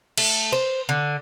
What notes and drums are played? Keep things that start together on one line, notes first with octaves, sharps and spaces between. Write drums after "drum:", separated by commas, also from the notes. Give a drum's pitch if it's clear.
A3, drum: cymbal
C5
D3